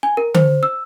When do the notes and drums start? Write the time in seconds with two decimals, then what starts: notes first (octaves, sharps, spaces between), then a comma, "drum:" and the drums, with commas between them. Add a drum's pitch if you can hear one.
0.03 G#5
0.17 A#4
0.35 C5, drum: tom D3
0.63 E6